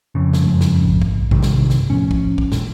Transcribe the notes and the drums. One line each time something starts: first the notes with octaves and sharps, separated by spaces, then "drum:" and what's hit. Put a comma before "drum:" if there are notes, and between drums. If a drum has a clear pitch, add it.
F2 C#3
drum: snare
F#2 G#3 C#4
drum: snare
A#1 G#2
drum: kick
G2 C3 D#3, drum: kick
drum: snare
drum: snare
E1 A2 F3 C#4
drum: kick
drum: kick
G2 A#2 E3, drum: snare